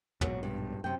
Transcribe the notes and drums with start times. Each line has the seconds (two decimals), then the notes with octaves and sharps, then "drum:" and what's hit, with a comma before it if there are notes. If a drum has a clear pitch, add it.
0.21 A#1 G#2 B2 F#3, drum: tom
0.43 G2
0.84 F#2 C3 G5